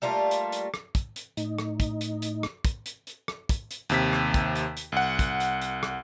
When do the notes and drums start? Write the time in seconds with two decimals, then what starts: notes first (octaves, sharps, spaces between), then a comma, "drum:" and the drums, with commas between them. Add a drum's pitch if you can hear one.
0.02 G3 A3 A#3 F4
0.31 drum: hi-hat
0.52 drum: hi-hat
0.74 drum: rim click
0.95 drum: kick, hi-hat
1.16 drum: hi-hat
1.37 A2 D#4, drum: hi-hat
1.58 drum: rim click
1.80 drum: kick, hi-hat
2.01 drum: hi-hat
2.22 drum: hi-hat
2.43 drum: rim click
2.65 drum: kick, hi-hat
2.86 drum: hi-hat
3.07 drum: hi-hat
3.28 drum: rim click
3.49 drum: kick, hi-hat
3.71 drum: hi-hat
3.90 D#2 C3 B6, drum: hi-hat
4.13 drum: rim click
4.34 drum: kick, hi-hat
4.55 drum: hi-hat
4.77 drum: hi-hat
4.92 C2 F#5
5.19 drum: kick, hi-hat
5.40 drum: hi-hat
5.62 drum: hi-hat
5.83 drum: rim click